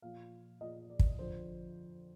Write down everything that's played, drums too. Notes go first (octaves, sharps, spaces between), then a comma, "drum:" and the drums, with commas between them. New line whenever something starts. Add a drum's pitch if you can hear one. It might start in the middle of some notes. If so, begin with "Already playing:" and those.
A#2 F3 F5
A#2 F3 D#5
D5
drum: kick
F2 D3 F3 C5